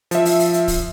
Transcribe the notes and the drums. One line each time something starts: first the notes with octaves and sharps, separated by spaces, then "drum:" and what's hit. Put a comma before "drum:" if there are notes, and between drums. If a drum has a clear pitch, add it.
F3 E5, drum: hi-hat
drum: open hi-hat
drum: open hi-hat
drum: hi-hat
drum: kick, open hi-hat